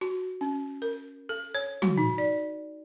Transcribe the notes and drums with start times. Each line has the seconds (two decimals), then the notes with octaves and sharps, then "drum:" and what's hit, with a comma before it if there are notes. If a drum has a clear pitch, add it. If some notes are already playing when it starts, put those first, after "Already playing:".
0.01 F#4
0.41 C#4
0.82 A#4
1.29 A4
1.55 C#5
1.82 F#4, drum: tom
1.98 D#4
2.18 D5